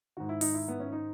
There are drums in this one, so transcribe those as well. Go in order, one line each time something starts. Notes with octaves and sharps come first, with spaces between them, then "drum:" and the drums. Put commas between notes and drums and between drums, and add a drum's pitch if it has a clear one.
G#2 D#3 F#4
E4
D#4, drum: open hi-hat
E4
B3
C#4
D#4